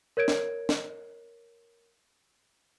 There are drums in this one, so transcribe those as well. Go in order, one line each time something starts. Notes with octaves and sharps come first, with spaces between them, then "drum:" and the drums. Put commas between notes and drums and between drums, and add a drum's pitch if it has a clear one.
A#4 C#5 G#6 D7
drum: snare
drum: snare